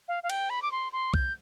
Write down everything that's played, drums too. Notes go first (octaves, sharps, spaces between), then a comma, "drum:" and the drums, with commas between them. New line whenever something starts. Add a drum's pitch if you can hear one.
F5
F5
G5, drum: cymbal
B5
D6
C6
C6
G6, drum: kick C2